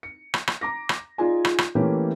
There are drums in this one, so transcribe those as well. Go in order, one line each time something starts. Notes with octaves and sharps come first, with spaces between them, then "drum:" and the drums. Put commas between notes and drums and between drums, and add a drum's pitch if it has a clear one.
C#7
drum: rim click
drum: rim click
A#5 D6 A#6
drum: rim click
D#4 F4 G#4 D5 G#5
drum: rim click
drum: rim click
E3 A3 A#3 C#4 G4